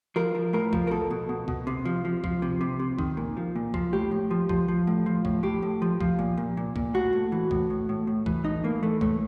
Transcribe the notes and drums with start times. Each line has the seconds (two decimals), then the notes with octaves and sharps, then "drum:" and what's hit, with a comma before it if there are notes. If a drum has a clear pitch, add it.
0.16 F3 A#4
0.35 F3
0.53 A2 A#4
0.73 F3, drum: kick
0.87 A#4
0.91 B2 A4
1.11 B2
1.29 B2
1.48 B2, drum: kick
1.67 C3
1.85 F3
2.05 F3
2.24 F3, drum: kick
2.42 C3
2.61 C3
2.79 C3
2.99 D#3, drum: kick
3.17 A#2
3.37 F3
3.56 A#2
3.74 F3, drum: kick
3.93 A2 G4
4.11 A2
4.31 F3
4.49 F3, drum: kick
4.68 F3
4.87 A2
5.06 F3
5.25 A2, drum: kick
5.43 A2 G4
5.62 A2
5.82 F3
6.01 F3, drum: kick
6.19 A#2
6.38 A#2
6.57 A#2
6.76 A#2, drum: kick
6.94 A2 F#4
7.13 A2
7.32 E3
7.51 A2, drum: kick
7.70 A2
7.89 A2
8.07 A2
8.26 E3, drum: kick
8.45 A2 D#4
8.64 E3 A#3
8.83 E3 A3
9.01 A2 A3, drum: kick